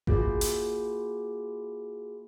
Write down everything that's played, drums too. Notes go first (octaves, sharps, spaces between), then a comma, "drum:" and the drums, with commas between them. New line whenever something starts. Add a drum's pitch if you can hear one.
A#3 F4 F#4 G#4, drum: kick G#1
drum: hi-hat